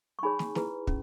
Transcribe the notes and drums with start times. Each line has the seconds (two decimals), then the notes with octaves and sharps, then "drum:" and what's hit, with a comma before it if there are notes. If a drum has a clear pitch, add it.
0.19 C#6
0.23 D#4 G#4 C#5 G#5 B5
0.39 drum: snare
0.55 E4 G#4 B4, drum: snare
0.87 C#4, drum: kick